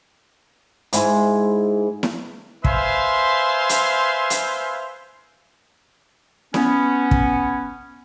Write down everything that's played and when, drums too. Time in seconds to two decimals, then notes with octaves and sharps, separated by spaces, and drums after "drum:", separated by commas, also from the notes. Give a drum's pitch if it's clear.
0.93 G#2 E4 G#5 C6, drum: hi-hat
2.03 drum: snare E4
2.65 B4 C5 E5 F5 G#5 C6, drum: kick
3.69 drum: hi-hat
4.30 drum: hi-hat
6.54 B3 C#4, drum: snare E4
7.11 drum: kick